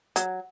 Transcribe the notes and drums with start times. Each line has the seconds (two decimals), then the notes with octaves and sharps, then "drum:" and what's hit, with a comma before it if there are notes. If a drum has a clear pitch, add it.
0.16 F#3, drum: hi-hat